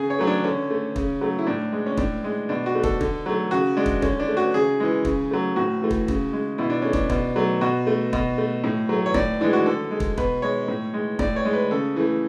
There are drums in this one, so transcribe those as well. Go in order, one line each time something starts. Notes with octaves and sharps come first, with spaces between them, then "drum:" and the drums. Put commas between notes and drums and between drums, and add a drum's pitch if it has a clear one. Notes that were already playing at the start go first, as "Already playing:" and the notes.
Already playing: C#3 G#4
C#5
F#3 A3
D4
D3 C#4
A3
C#3, drum: kick
F#3 A3
E4
A2 D4
G#3
C#4
A2 D4, drum: kick
G#3
B2 D4
F#4
A3
A4, drum: kick
D3, drum: kick
F#3 A3
C#3 F#4
G#3 D4
drum: kick
D3 C#4, drum: kick
D4
A3
F#4
C#3 G#4
E3 G#3
C#3, drum: kick
F#3 A3
A2 F#4
E3 A3
drum: kick
C#3, drum: kick
G#3
B2 E4
D4
A3 C#4
D4, drum: kick
B2, drum: kick
F#3 A3
B2 F#4
A3
B2, drum: kick
A3
A2
F#3 A3
C#5
A2 D5, drum: kick
E3 G#3 D4
F#4
D3 A4
G#3
drum: kick
B2 B4, drum: kick
G#3 C#5
A2
G#3
A2 D5, drum: kick
C#5
G#3
B4
C#3 A4
E3 A3